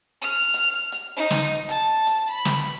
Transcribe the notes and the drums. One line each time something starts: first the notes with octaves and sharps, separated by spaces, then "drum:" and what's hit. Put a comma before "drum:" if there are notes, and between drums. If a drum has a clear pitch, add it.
F6
drum: hi-hat
drum: hi-hat
D#4
drum: snare
A5, drum: hi-hat
drum: hi-hat
B5
drum: snare